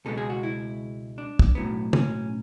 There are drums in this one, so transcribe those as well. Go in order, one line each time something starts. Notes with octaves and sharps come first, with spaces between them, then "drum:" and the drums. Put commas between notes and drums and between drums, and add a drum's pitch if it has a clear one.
C#2 B2 G#3 B3 A4
G#4
F#4
E4
D4
drum: kick
B1 A2 F#3 B3
C#4, drum: tom